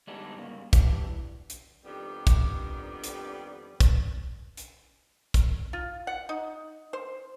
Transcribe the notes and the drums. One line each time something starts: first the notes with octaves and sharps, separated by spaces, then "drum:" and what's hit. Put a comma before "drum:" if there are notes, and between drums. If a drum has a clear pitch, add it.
D3 G3 G#3 B3 D4 D#4
G2 C#3 A#3
E3 G3 D4, drum: kick, hi-hat
drum: hi-hat
F2 D#3 G3 B3 D4 G4
drum: kick, hi-hat
drum: hi-hat
drum: kick, hi-hat
drum: hi-hat
drum: kick, hi-hat
F4
F#5
D#4
C5